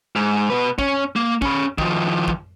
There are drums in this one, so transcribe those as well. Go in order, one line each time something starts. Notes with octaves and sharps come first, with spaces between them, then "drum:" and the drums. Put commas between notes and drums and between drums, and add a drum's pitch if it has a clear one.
G#2
B2 B4
C#4, drum: kick
A#3
C#4 B5, drum: kick
D#3 F3, drum: kick
drum: kick